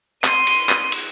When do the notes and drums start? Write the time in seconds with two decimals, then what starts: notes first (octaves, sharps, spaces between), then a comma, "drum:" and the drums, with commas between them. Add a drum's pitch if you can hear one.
0.24 C6 D#7, drum: clap
0.47 drum: cymbal
0.69 drum: clap
0.92 drum: cymbal